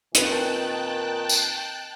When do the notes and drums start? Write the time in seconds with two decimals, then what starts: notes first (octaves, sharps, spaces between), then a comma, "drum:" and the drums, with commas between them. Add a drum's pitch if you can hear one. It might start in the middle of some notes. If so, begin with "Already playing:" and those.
0.15 A#2 D#3 C4 A4 B4 G5 A5 F#6, drum: hi-hat
1.29 drum: tambourine